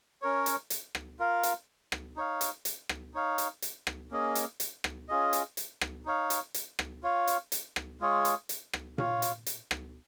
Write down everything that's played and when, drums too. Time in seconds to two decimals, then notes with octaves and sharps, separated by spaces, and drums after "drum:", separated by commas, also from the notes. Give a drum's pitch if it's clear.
0.22 C#4 A#4 C#5
0.46 drum: hi-hat
0.70 drum: hi-hat
0.95 drum: rim click
1.19 F4 A#4 F5
1.43 drum: hi-hat
1.92 drum: rim click
2.16 D#4 C#5 F5
2.41 drum: hi-hat
2.65 drum: hi-hat
2.89 drum: rim click
3.14 D#4 C#5 F5
3.38 drum: hi-hat
3.62 drum: hi-hat
3.87 drum: rim click
4.11 A#3 C#4 G#4 D#5
4.35 drum: hi-hat
4.60 drum: hi-hat
4.84 drum: rim click
5.08 C#4 F4 G#4 D#5
5.33 drum: hi-hat
5.57 drum: hi-hat
5.81 drum: rim click
6.05 D#4 C#5 F5
6.30 drum: hi-hat
6.54 drum: hi-hat
6.79 drum: rim click
7.03 F4 C#5 F5
7.27 drum: hi-hat
7.52 drum: hi-hat
7.76 drum: rim click
8.00 G#3 F4 G#4 C#5
8.25 drum: hi-hat
8.49 drum: hi-hat
8.73 drum: rim click
8.98 F4 C#5 F5, drum: tom A#2
9.22 drum: hi-hat
9.46 drum: hi-hat
9.71 drum: rim click